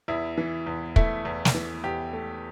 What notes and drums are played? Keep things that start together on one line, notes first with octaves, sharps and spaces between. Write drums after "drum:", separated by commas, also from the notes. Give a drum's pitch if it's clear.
E2 E4
E3
E2
A3 E4, drum: kick
E2
drum: snare
E3
E2 G4
A3